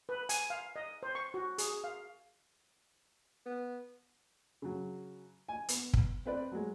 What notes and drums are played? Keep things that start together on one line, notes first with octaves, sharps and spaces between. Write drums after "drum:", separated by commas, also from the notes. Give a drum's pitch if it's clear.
B4
G#5, drum: hi-hat
F5
D#5
C5
C#6
F#4
G#4, drum: hi-hat
F5
B3
C#3 F#3
G#5
B3, drum: hi-hat
drum: kick
C4 B4 D5
F#3 G#3